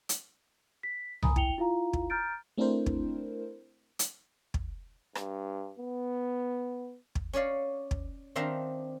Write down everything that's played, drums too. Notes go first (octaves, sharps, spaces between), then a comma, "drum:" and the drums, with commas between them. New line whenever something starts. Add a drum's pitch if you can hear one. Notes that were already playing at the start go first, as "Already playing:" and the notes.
drum: hi-hat
B6
G#5 A#5 B5 D#6, drum: tom C2
E4 G5 C#7 F7 G7, drum: kick
E4 F4 F5 A#5
drum: kick
A#5 F6 G6 A6 D7
A3 C4 D4 E4 A#4 C5
drum: kick
drum: hi-hat
drum: kick
G2, drum: rim click
B3
drum: kick
C#4 C#5 D5 F5
drum: kick
D#3 C4 D4 E5 F5 A#5